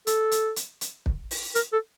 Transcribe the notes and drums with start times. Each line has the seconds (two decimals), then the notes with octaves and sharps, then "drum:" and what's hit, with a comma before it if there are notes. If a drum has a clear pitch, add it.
0.07 A4, drum: hi-hat
0.31 drum: hi-hat
0.56 drum: hi-hat
0.81 drum: hi-hat
1.06 drum: kick
1.31 drum: open hi-hat
1.55 A#4, drum: hi-hat
1.73 A4